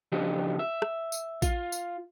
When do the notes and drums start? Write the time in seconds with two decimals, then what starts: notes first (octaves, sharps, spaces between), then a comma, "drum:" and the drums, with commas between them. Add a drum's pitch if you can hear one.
0.12 C#3 F3 D4 G4 D#5
0.59 E5
0.82 drum: rim click
1.12 drum: tambourine
1.42 F4, drum: kick A1, tambourine
1.72 drum: tambourine